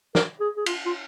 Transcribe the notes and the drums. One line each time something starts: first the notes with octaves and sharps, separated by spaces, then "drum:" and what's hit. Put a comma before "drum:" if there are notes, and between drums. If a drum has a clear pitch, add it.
A#4, drum: snare
G#4
G#4
F4, drum: cymbal
F4